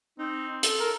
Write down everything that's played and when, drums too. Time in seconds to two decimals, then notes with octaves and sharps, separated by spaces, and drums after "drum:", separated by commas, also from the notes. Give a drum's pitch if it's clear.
0.18 C4 D#4
0.63 A4, drum: hi-hat
0.80 A#4